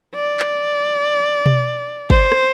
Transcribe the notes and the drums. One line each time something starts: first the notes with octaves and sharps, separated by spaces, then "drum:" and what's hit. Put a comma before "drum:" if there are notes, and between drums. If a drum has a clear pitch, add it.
D5
drum: clap
drum: tom B2
C5, drum: kick
drum: rim click